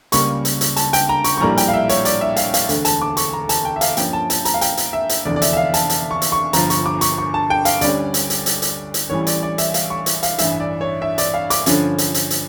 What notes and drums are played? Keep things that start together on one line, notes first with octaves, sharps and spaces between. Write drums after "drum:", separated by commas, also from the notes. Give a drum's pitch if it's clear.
C#2 C#3 G3 A#3 C#6, drum: hi-hat
drum: hi-hat
drum: hi-hat
A5, drum: hi-hat
G5, drum: hi-hat
A#5
C#6, drum: hi-hat
C#6
A#1 A2 G3 A#3 A#5
G5, drum: hi-hat
F5
E5
C#5, drum: hi-hat
D5, drum: hi-hat
E5
F5, drum: hi-hat
F5, drum: hi-hat
E1 D2 D3 A3, drum: hi-hat
A5, drum: hi-hat
D6
C#6, drum: hi-hat
A#5
A5, drum: hi-hat
G5
E5
F5, drum: hi-hat
G2 F3 A#3 C#4 G5, drum: hi-hat
A5
A5, drum: hi-hat
A#5, drum: hi-hat
F5
G5, drum: hi-hat
drum: hi-hat
E5
drum: hi-hat
F1 E2 D3 D5
D5
E5, drum: hi-hat
E5
F5
A5, drum: hi-hat
drum: hi-hat
C#6
drum: hi-hat
C#6
G1 G2 F3 A#5, drum: hi-hat
C#6, drum: hi-hat
D6
C#6, drum: hi-hat
C#6
A5
G5
F5, drum: hi-hat
D2 D3 G3 C#4 D5, drum: hi-hat
drum: hi-hat
drum: hi-hat
drum: hi-hat
drum: hi-hat
drum: hi-hat
A1 A2 E3 G3 C#4 C#5
D5, drum: hi-hat
D5
E5, drum: hi-hat
F5, drum: hi-hat
C#6
drum: hi-hat
F5, drum: hi-hat
A1 G2 E3 E5, drum: hi-hat
D5
C#5
E5
D5, drum: hi-hat
F5
D6, drum: hi-hat
G2 D3 F3 C#4, drum: hi-hat
drum: hi-hat
drum: hi-hat
drum: hi-hat